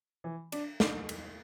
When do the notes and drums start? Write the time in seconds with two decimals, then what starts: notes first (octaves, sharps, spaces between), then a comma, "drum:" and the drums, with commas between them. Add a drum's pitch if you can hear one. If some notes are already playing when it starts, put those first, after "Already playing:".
0.24 E3
0.52 D4, drum: cymbal
0.80 D4, drum: snare
1.09 drum: cymbal